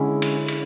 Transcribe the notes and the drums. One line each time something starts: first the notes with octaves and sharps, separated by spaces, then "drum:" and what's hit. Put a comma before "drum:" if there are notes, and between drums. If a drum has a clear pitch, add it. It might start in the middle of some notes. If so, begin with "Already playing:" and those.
Already playing: D3 G#3 C#4 E4
drum: cymbal
drum: cymbal